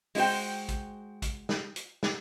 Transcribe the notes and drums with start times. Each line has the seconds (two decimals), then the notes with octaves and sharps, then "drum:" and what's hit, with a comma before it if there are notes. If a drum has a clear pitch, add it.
0.15 G#3 E4 F#4 C5 G5, drum: open hi-hat
0.69 drum: kick A1, hi-hat
1.22 drum: kick A1, hi-hat
1.49 drum: snare
1.76 drum: hi-hat
2.03 drum: snare